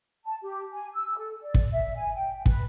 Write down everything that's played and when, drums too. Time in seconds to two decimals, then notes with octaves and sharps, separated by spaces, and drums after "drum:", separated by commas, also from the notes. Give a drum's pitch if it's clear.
0.24 A5
0.43 G4
0.74 G#5
0.95 E6
1.18 A4
1.42 D5
1.54 drum: kick
1.72 E5
1.96 G#5
2.16 G5
2.46 B4, drum: kick